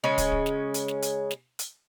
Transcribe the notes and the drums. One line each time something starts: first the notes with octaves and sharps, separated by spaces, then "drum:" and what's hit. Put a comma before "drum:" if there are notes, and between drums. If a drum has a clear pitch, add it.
C#3 G#3 C#4
drum: kick, hi-hat
drum: kick
drum: snare
drum: hi-hat
drum: snare
drum: hi-hat
drum: snare
drum: hi-hat